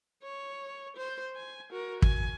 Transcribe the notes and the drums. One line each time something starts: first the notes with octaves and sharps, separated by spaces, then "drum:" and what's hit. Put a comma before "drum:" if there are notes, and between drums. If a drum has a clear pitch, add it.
C#5
C5
G#5
F#4 A#4
G#5, drum: kick